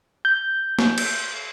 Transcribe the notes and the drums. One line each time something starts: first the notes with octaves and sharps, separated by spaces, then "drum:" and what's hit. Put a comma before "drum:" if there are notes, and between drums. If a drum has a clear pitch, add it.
G6
drum: snare
drum: cymbal